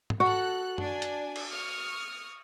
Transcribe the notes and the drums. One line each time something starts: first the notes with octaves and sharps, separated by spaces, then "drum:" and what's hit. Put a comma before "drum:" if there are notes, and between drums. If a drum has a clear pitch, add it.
drum: tom G#2
F#4 A4 F#6
D4 D5 G#5, drum: tom F#2
drum: hi-hat
drum: cymbal
C#6 D#6 F6